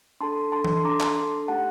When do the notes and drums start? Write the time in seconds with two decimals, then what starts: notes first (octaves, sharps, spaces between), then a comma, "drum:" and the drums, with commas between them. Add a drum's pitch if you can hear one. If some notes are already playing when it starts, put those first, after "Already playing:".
0.20 D4 A4 A5 C6
0.52 D4 A4 A5 C6
0.65 drum: tom E3
0.77 C6
0.84 D4 A4 A#5 D6
1.00 A5 C6, drum: clap
1.16 D4 A4
1.48 A3 D#4 G4 F#5 A5